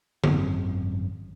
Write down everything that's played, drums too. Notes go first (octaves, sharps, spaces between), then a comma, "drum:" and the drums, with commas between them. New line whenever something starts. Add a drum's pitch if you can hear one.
G#1 F#2 C4, drum: tom D3